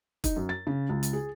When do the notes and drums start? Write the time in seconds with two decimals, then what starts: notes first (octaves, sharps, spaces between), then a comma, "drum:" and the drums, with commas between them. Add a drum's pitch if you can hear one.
0.24 D#4, drum: kick, hi-hat
0.36 F#2
0.49 A6
0.67 C#3
0.89 C#2
1.03 drum: hi-hat
1.13 G#4